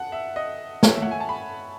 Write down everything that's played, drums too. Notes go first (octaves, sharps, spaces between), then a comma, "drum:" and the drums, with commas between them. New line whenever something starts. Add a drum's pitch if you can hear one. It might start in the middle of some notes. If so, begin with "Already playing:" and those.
Already playing: F#5 A5
E5
D#5
C#5, drum: snare
E5
F#5
G#5
A5
B5